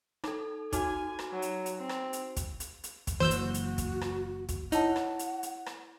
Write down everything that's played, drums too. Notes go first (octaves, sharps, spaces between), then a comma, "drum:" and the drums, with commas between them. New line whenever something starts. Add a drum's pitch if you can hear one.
D#4 A4, drum: rim click
D#4 F#4 G#5, drum: kick, hi-hat
drum: rim click
F#3
drum: hi-hat
drum: hi-hat
C4
drum: rim click
drum: hi-hat
drum: kick, hi-hat
drum: hi-hat
drum: hi-hat
drum: kick, hi-hat
F#1 E3 F#4 C5 E6 G6
drum: hi-hat
drum: hi-hat
drum: kick, hi-hat
drum: rim click
drum: kick, hi-hat
D#4 E4 C#5 F#5 A5, drum: hi-hat
drum: rim click
drum: hi-hat
drum: hi-hat
drum: rim click